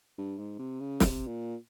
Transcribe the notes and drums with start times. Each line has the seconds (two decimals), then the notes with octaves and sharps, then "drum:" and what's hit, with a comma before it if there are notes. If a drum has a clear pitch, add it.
0.18 G2
0.39 G#2
0.59 C3
0.80 C#3
1.00 C3, drum: snare
1.27 A#2